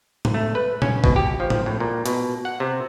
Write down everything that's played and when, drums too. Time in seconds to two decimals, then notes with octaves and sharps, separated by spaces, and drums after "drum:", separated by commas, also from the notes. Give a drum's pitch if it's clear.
0.25 drum: tom A2
0.34 A3
0.55 B4
0.82 C#4, drum: tom A#2
1.04 B2, drum: kick
1.16 G4
1.40 F3
1.50 drum: tom A2
1.66 A2
1.80 A#2
2.06 B2, drum: hi-hat
2.45 F#5
2.60 C3